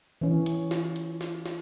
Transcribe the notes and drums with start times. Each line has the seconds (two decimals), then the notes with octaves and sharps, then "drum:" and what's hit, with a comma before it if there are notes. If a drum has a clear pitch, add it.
0.21 E3 C#4
0.46 drum: hi-hat
0.71 drum: snare
0.96 drum: hi-hat
1.21 drum: snare
1.46 drum: snare